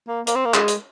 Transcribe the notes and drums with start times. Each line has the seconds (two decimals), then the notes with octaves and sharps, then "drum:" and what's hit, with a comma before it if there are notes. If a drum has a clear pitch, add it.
0.08 A#3
0.27 A#3, drum: hi-hat
0.36 C4
0.45 A#3
0.54 G#3, drum: clap
0.68 drum: hi-hat